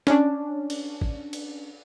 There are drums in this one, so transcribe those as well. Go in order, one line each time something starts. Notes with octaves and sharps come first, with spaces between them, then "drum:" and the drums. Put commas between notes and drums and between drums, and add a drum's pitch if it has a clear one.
C#4 D4, drum: snare
drum: cymbal
drum: kick
drum: cymbal